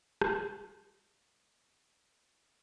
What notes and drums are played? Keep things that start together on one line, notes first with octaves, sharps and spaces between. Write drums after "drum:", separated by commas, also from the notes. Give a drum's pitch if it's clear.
A#3, drum: rim click
A#3
C#5 G5
B3